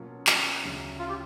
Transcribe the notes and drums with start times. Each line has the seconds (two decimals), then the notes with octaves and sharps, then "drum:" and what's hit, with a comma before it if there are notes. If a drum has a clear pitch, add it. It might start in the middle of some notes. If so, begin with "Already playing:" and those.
Already playing: B2 F#3 A#3 C#4 F4
0.27 drum: clap
0.63 D2 C#3 F#3
0.99 F4
1.09 G4